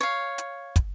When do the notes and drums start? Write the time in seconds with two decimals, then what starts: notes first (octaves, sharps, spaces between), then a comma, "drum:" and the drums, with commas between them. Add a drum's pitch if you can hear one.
0.01 C#5 F5
0.38 drum: hi-hat
0.76 drum: kick, hi-hat